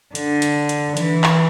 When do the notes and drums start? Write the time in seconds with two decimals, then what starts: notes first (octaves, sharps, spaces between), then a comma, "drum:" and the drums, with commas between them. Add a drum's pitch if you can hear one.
0.15 D3, drum: hi-hat
0.42 drum: hi-hat
0.69 drum: hi-hat
0.97 E3, drum: hi-hat
1.24 drum: clap